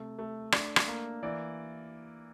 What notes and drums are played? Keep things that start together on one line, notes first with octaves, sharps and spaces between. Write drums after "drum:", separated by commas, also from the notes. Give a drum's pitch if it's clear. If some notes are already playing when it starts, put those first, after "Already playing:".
Already playing: C3 A3
A3
D4, drum: rim click
drum: rim click
A#3
E3 D5